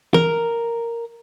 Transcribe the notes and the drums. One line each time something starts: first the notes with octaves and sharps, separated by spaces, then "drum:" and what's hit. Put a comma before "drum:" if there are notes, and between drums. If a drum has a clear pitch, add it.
A#4, drum: tom E3